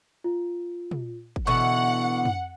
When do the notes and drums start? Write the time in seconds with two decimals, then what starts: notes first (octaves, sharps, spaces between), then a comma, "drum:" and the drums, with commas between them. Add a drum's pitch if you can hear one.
0.24 F4
0.91 drum: tom
1.36 drum: kick
1.47 B2 D3 E3 F#5 C#6
2.25 drum: tom